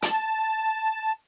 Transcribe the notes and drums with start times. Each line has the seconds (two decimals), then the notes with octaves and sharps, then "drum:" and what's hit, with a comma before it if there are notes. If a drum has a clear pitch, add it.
0.02 A5, drum: hi-hat